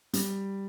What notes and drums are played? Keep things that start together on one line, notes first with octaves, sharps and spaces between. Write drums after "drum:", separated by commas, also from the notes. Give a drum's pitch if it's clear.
G3, drum: hi-hat